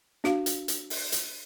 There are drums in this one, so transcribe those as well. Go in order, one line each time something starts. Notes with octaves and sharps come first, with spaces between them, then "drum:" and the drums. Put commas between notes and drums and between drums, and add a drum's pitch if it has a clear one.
D4 F#4 F5, drum: snare
drum: hi-hat
drum: hi-hat
drum: open hi-hat
drum: hi-hat